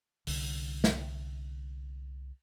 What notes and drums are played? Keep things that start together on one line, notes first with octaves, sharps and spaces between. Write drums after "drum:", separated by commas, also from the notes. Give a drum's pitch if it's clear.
C2 D3, drum: open hi-hat
drum: snare